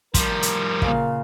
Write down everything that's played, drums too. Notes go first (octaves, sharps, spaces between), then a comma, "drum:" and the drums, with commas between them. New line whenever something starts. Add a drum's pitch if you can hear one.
F3 G3 A#4, drum: kick, hi-hat
drum: hi-hat
A#2 C#3 F5, drum: kick